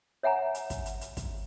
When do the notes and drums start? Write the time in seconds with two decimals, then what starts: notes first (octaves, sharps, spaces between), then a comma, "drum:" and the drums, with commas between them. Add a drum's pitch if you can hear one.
0.23 C#5 E5 F#5 G#5 A#5
0.55 drum: hi-hat
0.70 drum: kick, hi-hat
0.86 drum: hi-hat
1.01 drum: hi-hat
1.17 drum: kick, hi-hat